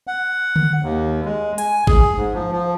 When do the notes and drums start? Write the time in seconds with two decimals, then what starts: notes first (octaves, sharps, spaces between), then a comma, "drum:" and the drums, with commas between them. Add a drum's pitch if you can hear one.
0.07 F#5
0.56 drum: tom D3
0.83 D#2
1.25 G#3
1.58 G#5, drum: hi-hat
1.87 G#4, drum: kick G#1
2.16 G#2
2.34 F3
2.52 F3